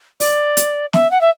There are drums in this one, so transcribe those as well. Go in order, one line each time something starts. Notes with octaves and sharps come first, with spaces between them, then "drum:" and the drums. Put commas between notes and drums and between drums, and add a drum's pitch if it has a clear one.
D5, drum: open hi-hat
drum: hi-hat
E5, drum: snare
F#5
E5